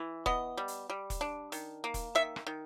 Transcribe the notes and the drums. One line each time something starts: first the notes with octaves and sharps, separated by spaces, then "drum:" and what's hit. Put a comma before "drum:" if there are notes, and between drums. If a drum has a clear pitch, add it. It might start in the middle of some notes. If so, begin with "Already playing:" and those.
Already playing: E3
B3 D#5, drum: kick E1
G3
drum: hi-hat
G3
drum: kick E1, hi-hat
D4
D#3, drum: hi-hat
A#3
drum: kick E1, hi-hat
D#3 E5
drum: rim click
D#3